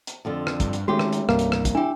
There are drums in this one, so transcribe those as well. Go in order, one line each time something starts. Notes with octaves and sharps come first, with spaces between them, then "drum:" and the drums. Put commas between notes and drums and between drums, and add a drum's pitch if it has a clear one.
drum: hi-hat
F2 D3 F4
drum: rim click
G2, drum: kick, hi-hat
drum: hi-hat
D#3 G#3 A3 C#4 F#4 G4
drum: rim click
drum: hi-hat
C2 G2 A#3, drum: rim click
drum: hi-hat
drum: rim click
drum: kick, hi-hat
D4 E4 G4 G5